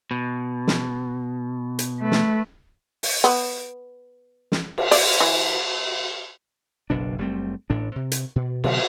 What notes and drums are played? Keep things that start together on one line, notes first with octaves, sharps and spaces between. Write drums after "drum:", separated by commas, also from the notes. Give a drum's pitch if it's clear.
B2
drum: snare
drum: hi-hat
A3 B4
drum: snare
drum: open hi-hat
B3
drum: snare
drum: cymbal
D5, drum: open hi-hat
E3
F#1 B1 B2 D4
F#1 G3 A3 C4
A1 A2 D4
C3
drum: hi-hat
B2
B2 D3 F#3 B3, drum: cymbal